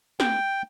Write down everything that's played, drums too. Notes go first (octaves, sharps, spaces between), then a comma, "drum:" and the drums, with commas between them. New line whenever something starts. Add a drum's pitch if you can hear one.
G5, drum: snare